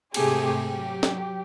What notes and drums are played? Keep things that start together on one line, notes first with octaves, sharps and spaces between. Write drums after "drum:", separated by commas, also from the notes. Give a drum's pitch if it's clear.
G#2 C3 A3 G4 G#4, drum: cymbal
F#3 G4
drum: snare